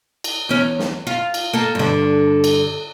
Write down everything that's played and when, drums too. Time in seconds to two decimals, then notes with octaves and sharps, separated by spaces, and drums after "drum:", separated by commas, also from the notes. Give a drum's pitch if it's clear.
0.24 drum: cymbal
0.49 E2 C#4
0.79 drum: snare
1.07 F4
1.34 drum: cymbal
1.53 A#3 A4
1.75 G2 D3
2.44 drum: cymbal